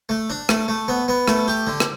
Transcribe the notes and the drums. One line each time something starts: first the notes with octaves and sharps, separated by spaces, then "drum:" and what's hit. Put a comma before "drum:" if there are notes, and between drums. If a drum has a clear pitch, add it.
A3
D4
A3, drum: rim click
A3
B3
B3
A3, drum: rim click
G4
D3
drum: rim click